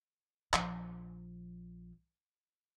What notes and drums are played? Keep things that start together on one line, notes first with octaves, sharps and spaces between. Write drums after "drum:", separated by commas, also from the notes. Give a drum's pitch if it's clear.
A#1 F3, drum: clap